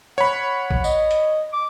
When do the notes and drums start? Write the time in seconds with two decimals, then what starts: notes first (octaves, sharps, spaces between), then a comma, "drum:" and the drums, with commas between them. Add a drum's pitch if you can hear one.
0.18 C#5 F#5 B5
0.71 drum: kick
0.84 D#5, drum: tambourine
1.11 drum: hi-hat
1.53 D6